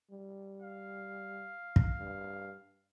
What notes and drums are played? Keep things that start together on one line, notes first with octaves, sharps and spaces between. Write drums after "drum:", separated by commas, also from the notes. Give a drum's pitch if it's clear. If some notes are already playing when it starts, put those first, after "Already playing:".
G3
F5
drum: kick
G2